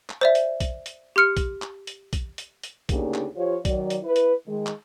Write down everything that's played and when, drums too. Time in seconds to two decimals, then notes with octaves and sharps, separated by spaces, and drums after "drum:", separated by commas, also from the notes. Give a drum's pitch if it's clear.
0.10 drum: clap
0.21 C5 D5 E5
0.35 drum: hi-hat
0.60 drum: kick A#1, hi-hat
0.86 drum: hi-hat
1.16 G4 C6 F6 C#7
1.37 drum: kick A#1, hi-hat
1.62 drum: clap
1.87 drum: hi-hat
2.13 drum: kick A#1, hi-hat
2.38 drum: hi-hat
2.63 drum: hi-hat
2.89 D2 C#3 A#3 D4 D#4 G4, drum: kick A#1, hi-hat
3.14 drum: clap
3.35 F3 F4 G4 C5 C#5
3.65 D#3 F#3 D5, drum: kick A#1, hi-hat
3.90 drum: hi-hat
4.03 E4 B4
4.16 drum: hi-hat
4.46 D#3 G#3
4.67 drum: clap